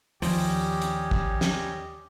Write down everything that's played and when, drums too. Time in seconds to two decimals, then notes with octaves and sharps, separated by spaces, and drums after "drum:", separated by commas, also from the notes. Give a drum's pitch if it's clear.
0.22 D#2 F3 G3 C#4 G4 D#5, drum: open hi-hat
0.82 drum: hi-hat
1.11 drum: kick
1.41 drum: snare